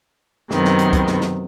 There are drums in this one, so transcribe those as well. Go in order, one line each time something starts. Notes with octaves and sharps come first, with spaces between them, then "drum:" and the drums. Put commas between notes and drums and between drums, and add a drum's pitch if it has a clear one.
F#2 C3 D#3 B3, drum: snare
drum: snare
drum: hi-hat
drum: kick, hi-hat
drum: snare
drum: snare